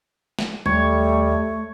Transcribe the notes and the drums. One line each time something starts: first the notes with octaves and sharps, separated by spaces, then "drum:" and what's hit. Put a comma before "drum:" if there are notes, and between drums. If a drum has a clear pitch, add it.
drum: snare
D#2 G3 A3 C#5, drum: tom G3